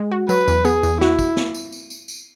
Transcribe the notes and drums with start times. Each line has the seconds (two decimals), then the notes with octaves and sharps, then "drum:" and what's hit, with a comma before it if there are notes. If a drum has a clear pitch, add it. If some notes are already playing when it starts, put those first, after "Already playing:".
Already playing: G#3
0.11 F#4
0.29 F#3 B4, drum: tambourine
0.48 E2, drum: tambourine
0.65 B3 G#4, drum: tambourine
0.83 E2, drum: tambourine
1.01 E4 F#4, drum: snare
1.19 drum: kick, tambourine
1.37 drum: snare
1.54 drum: tambourine
1.72 drum: tambourine
1.90 drum: tambourine
2.08 drum: tambourine